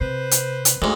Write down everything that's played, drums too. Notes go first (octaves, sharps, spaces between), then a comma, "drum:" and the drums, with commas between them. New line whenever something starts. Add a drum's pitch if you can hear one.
C3 B4 C5
drum: hi-hat
drum: hi-hat
D2 G#2 A3